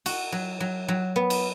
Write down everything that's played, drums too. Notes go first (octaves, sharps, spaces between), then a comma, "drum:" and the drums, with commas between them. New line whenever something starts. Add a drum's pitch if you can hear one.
F#4, drum: cymbal
F#3
F#3
F#3
B3
drum: cymbal